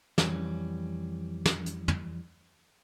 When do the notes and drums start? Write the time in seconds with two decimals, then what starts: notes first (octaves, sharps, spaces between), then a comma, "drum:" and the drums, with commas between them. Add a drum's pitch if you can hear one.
0.18 F2 E3 G3 C4 C#4, drum: snare
1.46 drum: snare
1.66 drum: hi-hat
1.88 drum: tom